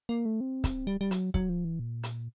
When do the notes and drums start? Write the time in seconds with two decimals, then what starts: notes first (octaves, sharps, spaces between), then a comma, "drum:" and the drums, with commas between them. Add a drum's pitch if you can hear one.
0.09 A#3
0.25 A3
0.41 C4
0.64 drum: kick C#1, hi-hat
0.87 G3
1.01 G3
1.11 F#3, drum: hi-hat
1.34 F#3, drum: kick C#1
1.49 F3
1.65 E3
1.79 A#2
2.03 drum: hi-hat